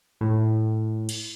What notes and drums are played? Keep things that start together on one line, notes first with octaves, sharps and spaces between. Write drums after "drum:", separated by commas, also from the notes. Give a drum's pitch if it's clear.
A2
drum: cymbal